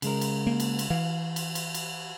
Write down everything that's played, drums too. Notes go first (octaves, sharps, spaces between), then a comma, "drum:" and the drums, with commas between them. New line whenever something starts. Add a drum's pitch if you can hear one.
C#3 G#3 A#4, drum: cymbal
drum: cymbal
A#3
drum: cymbal
drum: cymbal
E3 F5
drum: cymbal
drum: cymbal
drum: cymbal